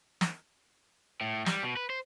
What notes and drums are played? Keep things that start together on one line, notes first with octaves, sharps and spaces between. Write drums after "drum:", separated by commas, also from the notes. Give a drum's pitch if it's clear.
drum: snare
A2
G3, drum: snare
B2
B4
C5